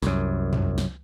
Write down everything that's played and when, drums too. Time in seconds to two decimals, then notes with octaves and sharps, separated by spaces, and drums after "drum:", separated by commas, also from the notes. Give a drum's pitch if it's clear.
0.02 C2 F#2, drum: snare
0.53 drum: tom
0.78 drum: snare